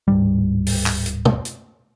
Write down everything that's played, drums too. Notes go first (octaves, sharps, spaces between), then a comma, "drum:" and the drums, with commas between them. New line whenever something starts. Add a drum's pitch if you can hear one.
D1 E2 G#2 G3
drum: open hi-hat
drum: clap
drum: hi-hat
drum: tom
drum: hi-hat